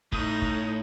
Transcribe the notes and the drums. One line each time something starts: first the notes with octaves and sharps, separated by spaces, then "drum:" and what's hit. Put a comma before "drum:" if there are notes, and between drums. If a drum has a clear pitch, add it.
A2 D#4 D#6, drum: kick
drum: kick